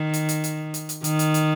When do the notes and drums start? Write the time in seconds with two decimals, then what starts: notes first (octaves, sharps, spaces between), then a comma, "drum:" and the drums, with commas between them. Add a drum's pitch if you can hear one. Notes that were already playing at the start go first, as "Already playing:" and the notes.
Already playing: D#3
0.14 drum: hi-hat
0.29 drum: hi-hat
0.44 drum: hi-hat
0.74 drum: hi-hat
0.89 drum: hi-hat
1.04 D#3, drum: hi-hat
1.19 drum: hi-hat
1.34 drum: hi-hat